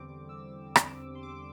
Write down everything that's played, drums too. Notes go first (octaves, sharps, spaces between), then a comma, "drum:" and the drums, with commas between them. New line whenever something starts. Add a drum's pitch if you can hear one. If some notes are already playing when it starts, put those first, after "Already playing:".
Already playing: E2 D3 G3 C4 D6
E6
D6, drum: rim click
C6
D6